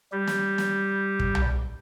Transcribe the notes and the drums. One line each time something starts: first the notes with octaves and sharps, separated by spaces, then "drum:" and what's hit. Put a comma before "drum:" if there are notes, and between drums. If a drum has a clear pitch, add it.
G3 G4
drum: snare
drum: snare
drum: kick
drum: tom B1